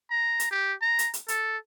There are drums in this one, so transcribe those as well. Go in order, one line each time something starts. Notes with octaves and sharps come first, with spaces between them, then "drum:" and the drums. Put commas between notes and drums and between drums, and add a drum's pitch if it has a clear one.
A#5
drum: hi-hat
G4
A#5
drum: hi-hat
drum: hi-hat
A4, drum: hi-hat